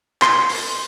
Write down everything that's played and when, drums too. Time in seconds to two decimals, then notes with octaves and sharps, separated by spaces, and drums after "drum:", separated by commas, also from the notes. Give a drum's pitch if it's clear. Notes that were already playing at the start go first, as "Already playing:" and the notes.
0.22 C6, drum: clap
0.49 drum: open hi-hat